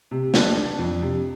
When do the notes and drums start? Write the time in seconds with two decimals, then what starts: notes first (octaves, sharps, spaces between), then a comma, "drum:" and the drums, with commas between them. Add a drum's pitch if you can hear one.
0.11 C3
0.34 D4, drum: snare
0.57 D4
0.78 F2
1.02 C3